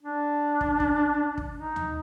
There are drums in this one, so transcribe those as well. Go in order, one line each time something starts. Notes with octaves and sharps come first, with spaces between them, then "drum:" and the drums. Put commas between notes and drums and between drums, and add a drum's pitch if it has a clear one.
D4
drum: kick
drum: kick
drum: kick
D#4
drum: tom D2